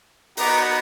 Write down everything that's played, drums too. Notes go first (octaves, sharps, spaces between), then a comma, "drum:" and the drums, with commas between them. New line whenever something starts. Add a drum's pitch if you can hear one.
B3 D#4 F#4 A#5 D6, drum: open hi-hat